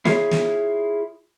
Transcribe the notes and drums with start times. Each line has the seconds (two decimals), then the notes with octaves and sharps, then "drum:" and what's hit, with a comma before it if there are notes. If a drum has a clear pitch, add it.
0.05 E4 F4 G#4 C#5, drum: snare
0.31 drum: snare